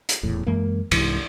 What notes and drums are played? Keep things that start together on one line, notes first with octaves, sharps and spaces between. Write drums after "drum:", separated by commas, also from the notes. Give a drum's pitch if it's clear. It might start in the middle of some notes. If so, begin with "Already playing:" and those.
drum: hi-hat
D#1 E2 A2
F#2 E3 G#3 A#3
C2 G#2 E3, drum: cymbal